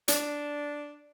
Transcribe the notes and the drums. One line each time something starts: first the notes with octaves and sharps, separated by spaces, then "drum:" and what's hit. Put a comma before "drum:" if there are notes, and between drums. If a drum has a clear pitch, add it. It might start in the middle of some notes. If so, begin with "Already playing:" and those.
D4, drum: hi-hat